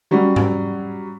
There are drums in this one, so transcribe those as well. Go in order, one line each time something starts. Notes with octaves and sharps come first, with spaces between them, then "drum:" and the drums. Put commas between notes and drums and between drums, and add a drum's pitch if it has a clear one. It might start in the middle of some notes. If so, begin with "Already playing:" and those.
F#3 G3 C#4
drum: tom G#2